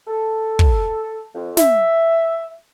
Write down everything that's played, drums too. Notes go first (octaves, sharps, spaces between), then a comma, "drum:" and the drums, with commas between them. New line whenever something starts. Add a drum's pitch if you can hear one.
A4
drum: kick
F2
E5, drum: snare